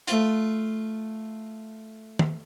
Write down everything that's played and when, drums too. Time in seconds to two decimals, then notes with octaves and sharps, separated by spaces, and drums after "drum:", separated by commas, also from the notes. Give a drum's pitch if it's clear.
0.08 A3 F4, drum: hi-hat
2.19 drum: tom